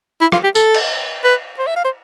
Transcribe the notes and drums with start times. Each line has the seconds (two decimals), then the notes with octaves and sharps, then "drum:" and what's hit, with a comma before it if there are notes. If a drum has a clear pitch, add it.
0.21 E4
0.32 F4, drum: rim click
0.43 G4
0.55 A4, drum: tambourine
0.74 drum: cymbal
1.24 B4
1.58 C5
1.67 E5
1.76 F5
1.84 C5